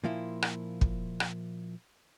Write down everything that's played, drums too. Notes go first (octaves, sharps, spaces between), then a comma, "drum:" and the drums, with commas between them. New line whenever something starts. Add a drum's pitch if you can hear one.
A#2 F3 A#3 E4
drum: rim click
drum: kick
drum: rim click